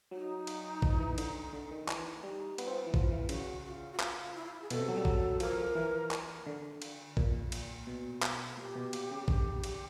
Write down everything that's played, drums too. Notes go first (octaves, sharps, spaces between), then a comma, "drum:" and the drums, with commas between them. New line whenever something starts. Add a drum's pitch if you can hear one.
F#3 D#4
drum: cymbal
F3, drum: kick A1
E3
D3, drum: cymbal
D3
D#3
E3, drum: clap
G3 D#4
B3 F4, drum: cymbal
C4
B3
E3
F3, drum: kick A1
E3
C#3 F#4, drum: cymbal
F#4
F4
F#4
F4, drum: clap
E4
F4
E4
G#4
B2 A4, drum: cymbal
C3
F#3
G3
F#3, drum: kick A1
F3 A#4, drum: cymbal
F3
E3
drum: clap
D3
drum: cymbal
A#2, drum: kick A1
drum: cymbal
B2
drum: clap
A#2 G4
B2
drum: cymbal
C#3
D3 G4, drum: kick A1
drum: cymbal